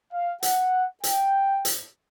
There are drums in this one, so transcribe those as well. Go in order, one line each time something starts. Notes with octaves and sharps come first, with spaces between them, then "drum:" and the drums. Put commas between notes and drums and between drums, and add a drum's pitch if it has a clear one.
F5
F#5, drum: hi-hat
G5, drum: hi-hat
drum: hi-hat